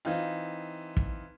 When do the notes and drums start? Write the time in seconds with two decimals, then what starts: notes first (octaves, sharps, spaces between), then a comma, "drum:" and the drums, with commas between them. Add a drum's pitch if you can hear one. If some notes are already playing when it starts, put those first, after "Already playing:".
0.05 E3 C4 D#4 F4
0.97 drum: kick